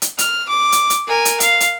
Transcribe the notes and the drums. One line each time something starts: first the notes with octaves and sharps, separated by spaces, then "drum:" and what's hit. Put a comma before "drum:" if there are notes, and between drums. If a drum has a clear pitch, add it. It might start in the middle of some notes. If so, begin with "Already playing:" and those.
drum: hi-hat
F6, drum: hi-hat
D6
drum: hi-hat
drum: hi-hat
A#4 G#5
drum: hi-hat
F5, drum: hi-hat
drum: hi-hat